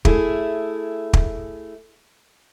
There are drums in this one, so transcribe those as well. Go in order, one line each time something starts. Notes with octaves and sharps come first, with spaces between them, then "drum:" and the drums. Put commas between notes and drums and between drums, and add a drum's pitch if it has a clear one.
A3 E4 G#4, drum: kick
drum: kick